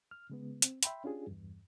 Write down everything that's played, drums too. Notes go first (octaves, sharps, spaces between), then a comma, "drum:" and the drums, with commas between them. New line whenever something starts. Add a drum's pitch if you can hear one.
F6
C#3 G#3 B3
C4, drum: hi-hat
E5 G5 B5 C6, drum: hi-hat
C#4 D4 F4 G4 G#4
E2 G2